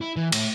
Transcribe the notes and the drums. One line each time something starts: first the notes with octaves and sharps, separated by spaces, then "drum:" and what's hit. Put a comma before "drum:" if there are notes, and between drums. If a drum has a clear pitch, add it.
E4
E3
A2, drum: cymbal